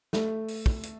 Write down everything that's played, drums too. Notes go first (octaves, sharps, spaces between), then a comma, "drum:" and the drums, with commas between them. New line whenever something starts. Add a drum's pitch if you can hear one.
A3, drum: snare
drum: open hi-hat
drum: kick
drum: hi-hat